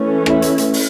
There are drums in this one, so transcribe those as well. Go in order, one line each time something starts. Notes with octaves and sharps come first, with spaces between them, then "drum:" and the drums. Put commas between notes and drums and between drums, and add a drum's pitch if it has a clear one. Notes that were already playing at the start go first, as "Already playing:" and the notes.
Already playing: E3 A3 C#4
E4, drum: rim click
drum: hi-hat
drum: hi-hat
drum: open hi-hat